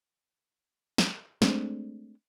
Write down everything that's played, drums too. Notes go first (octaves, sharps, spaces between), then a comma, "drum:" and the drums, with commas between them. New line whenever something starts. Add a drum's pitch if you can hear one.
drum: snare
G#3 A3 C4 D4, drum: snare